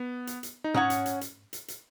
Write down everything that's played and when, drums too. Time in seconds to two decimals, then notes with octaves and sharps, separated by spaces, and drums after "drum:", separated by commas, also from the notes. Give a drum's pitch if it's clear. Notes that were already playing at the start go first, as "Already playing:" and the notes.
Already playing: B3
0.27 drum: hi-hat
0.43 drum: hi-hat
0.64 D#4
0.74 C#4 C#5 F#5 A#5 D#6, drum: tom G#2
0.90 drum: hi-hat
1.06 drum: hi-hat
1.21 drum: hi-hat
1.53 drum: hi-hat
1.68 drum: hi-hat